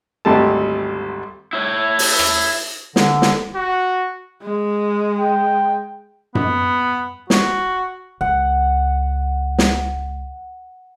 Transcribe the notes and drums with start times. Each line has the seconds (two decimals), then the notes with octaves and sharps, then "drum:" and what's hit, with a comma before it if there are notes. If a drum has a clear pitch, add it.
0.25 G#1 D2 G3 A3 A5
1.53 E4 C#5
1.99 drum: open hi-hat
2.19 drum: rim click
2.96 D3, drum: snare
3.22 drum: snare
3.55 F#4
4.42 G#3
5.20 G5
6.35 B3, drum: tom F#2
7.30 F#4, drum: snare
8.21 C#2 F#5
9.58 drum: snare